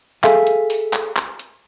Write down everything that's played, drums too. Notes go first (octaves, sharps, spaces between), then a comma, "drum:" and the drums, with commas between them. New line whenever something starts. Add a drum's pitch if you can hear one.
G#4 A4 E5 F5 G#5, drum: clap
drum: hi-hat
drum: open hi-hat
drum: clap
drum: clap
drum: hi-hat